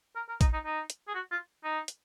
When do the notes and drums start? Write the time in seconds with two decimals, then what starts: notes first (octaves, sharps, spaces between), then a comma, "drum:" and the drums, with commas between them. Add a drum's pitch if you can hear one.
0.16 A#4
0.29 A#4
0.41 D#4, drum: kick, hi-hat
0.53 D#4
0.65 D#4
0.90 drum: hi-hat
1.08 G#4
1.15 F#4
1.31 F4
1.64 D#4
1.88 drum: hi-hat